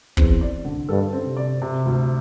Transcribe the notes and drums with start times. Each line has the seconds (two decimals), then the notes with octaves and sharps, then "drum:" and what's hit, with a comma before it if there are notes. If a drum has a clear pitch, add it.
0.17 E2 C4, drum: kick
0.41 D5
0.65 D3
0.89 G2 A4
1.13 C4
1.26 C3
1.37 D5
1.62 C3
1.86 D2